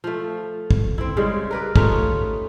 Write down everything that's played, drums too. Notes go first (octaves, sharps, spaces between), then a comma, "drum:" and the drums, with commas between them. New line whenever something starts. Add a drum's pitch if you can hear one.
F3 A3
drum: kick
C4 E4
C#3 G3 G#3
A#4 B4 D5
A3 C#4 D#4 F4, drum: kick